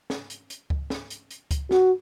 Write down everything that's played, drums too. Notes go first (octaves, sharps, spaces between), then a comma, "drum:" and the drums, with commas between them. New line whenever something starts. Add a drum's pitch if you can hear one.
drum: snare
drum: hi-hat
drum: hi-hat
drum: kick C#2
drum: snare
drum: hi-hat
drum: hi-hat
drum: kick C#2, hi-hat
F#4, drum: snare